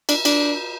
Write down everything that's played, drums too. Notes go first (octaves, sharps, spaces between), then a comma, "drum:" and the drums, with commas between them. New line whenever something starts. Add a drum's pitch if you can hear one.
D4, drum: cymbal
D4, drum: cymbal